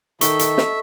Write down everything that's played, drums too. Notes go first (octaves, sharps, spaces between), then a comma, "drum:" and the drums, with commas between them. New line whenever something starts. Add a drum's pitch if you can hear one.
D#3 A4 D#5 E5 C#6, drum: hi-hat
drum: hi-hat
drum: snare